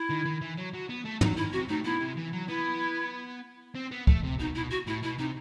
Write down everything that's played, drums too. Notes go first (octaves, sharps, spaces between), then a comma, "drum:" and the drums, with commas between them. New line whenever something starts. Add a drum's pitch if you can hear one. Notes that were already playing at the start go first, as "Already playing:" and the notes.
Already playing: E4
D#3
D#3
E3
F#3
F#3
B3
A3
F#3 D#4, drum: tom
D#3 E4
C3 F#4
A2 D#4
B2 E4
C3
E3
F#3
B3 E4
C4
B3
A3, drum: kick C#2
C3
B2 D#4
B2 E4
F#4
A2 E4
B2 E4
C3 D#4